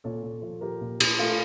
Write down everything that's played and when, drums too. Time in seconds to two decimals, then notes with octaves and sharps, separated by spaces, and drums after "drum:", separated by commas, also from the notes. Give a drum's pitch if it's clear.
0.04 A#2 A4 C#5
0.23 A#2
0.42 F3
0.61 F3 G4 A#4
0.81 A#2
1.00 A#2, drum: cymbal
1.18 A3 F4 A4